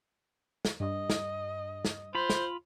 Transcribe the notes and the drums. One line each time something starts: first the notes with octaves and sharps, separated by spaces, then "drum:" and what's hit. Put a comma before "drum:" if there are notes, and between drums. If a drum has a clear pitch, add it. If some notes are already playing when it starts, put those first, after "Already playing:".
drum: snare
G2 D#5
drum: snare
drum: snare
F4 C5 B5
drum: snare